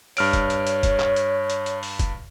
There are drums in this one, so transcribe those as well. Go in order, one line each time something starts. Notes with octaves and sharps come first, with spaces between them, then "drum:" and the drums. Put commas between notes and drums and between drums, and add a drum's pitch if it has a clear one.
G2 C#5 F6 D7, drum: open hi-hat
drum: kick, hi-hat
drum: hi-hat
drum: hi-hat
drum: kick, hi-hat
drum: clap
drum: hi-hat
drum: hi-hat
drum: hi-hat
drum: open hi-hat
drum: kick, hi-hat